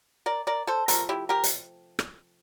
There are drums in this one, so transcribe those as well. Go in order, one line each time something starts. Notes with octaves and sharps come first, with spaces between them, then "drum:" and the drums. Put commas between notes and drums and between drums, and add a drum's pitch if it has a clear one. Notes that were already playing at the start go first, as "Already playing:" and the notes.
A#4 D5
A#4 D5
A4 C5
C3 F3 A3 A#4, drum: hi-hat
E4 G4
G4 A#4
drum: hi-hat
drum: rim click